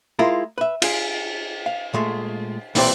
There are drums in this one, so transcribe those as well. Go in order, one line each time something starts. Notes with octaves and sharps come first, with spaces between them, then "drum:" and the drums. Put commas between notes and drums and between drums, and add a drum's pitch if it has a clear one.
G#3 E4 F4 A#4
B4 E5
F4 G#4, drum: cymbal
F5
A#2 G#3 A3
B1 A#2 E3 G3 C4 D5, drum: open hi-hat